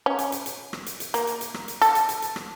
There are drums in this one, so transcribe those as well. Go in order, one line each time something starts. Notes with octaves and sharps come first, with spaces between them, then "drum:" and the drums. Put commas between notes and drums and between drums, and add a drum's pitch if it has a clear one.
C#4
drum: hi-hat
drum: hi-hat
drum: hi-hat
drum: rim click
drum: hi-hat
drum: hi-hat
A#3, drum: hi-hat
drum: hi-hat
drum: hi-hat
drum: rim click
drum: hi-hat
A4, drum: hi-hat
drum: hi-hat
drum: hi-hat
drum: hi-hat
drum: rim click